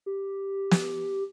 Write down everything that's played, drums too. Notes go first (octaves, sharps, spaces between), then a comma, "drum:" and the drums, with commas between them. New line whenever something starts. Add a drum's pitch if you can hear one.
G4
drum: snare